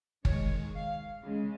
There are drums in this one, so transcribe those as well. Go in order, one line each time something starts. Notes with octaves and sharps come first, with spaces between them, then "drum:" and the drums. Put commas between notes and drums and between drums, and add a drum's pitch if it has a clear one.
D#3 G#3 C#5, drum: kick
F5
C#3 G#3